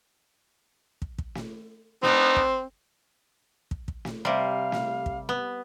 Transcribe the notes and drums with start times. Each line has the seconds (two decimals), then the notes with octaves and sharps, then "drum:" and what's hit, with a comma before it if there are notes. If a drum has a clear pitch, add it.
1.02 drum: kick
1.18 drum: kick
1.35 drum: snare
2.03 B3 C4 D4 D#4, drum: snare
2.36 drum: kick
3.71 drum: kick
3.88 drum: kick
4.05 drum: snare
4.25 C3 G3 F5
4.72 drum: snare
5.06 drum: kick
5.29 B3